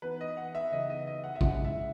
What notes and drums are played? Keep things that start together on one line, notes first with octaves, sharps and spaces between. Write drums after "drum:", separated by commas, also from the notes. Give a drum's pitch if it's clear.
E3 B3 D#4 B4
D#5
F#5
E5
C#3 E3 B3 D#4 D#5
D#5
D#5
F#5
E5
C#3 G#3 C#4 E4 F#5, drum: kick
E5